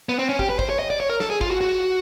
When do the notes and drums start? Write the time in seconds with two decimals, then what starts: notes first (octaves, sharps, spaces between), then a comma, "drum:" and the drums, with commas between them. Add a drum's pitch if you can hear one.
0.09 B3
0.19 C4
0.29 C#4
0.39 G4, drum: kick
0.50 B4
0.59 C5, drum: kick
0.70 C#5
0.79 D#5
0.90 D5
1.00 C#5
1.10 A#4
1.20 A4, drum: snare
1.30 G#4
1.41 F4, drum: kick
1.51 F#4
1.61 F#4